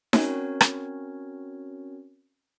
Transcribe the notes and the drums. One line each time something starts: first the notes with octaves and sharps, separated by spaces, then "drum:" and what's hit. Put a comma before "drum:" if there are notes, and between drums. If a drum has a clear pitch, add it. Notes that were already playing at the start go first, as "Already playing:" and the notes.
C4 C#4 F#4 A#4 C#5, drum: snare D#4
drum: rim click